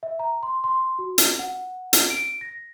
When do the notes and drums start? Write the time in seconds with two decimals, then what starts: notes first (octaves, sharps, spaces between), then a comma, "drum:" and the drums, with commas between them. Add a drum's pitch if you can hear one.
0.03 E5
0.19 A#5
0.43 C6
0.64 C6
0.99 F#4
1.18 drum: hi-hat
1.39 F#5
1.93 drum: hi-hat
2.10 D7
2.41 A#6